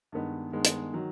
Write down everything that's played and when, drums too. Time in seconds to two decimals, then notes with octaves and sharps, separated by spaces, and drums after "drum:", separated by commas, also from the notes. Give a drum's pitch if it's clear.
0.12 G2 D#3 G#3 B3
0.52 G2 D#3 G#3 B3
0.65 drum: hi-hat
0.93 D#3 F#3